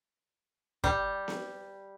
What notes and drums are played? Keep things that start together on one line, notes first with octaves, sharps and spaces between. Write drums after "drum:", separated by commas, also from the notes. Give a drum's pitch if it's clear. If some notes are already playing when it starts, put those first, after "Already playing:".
G3, drum: kick
drum: snare B3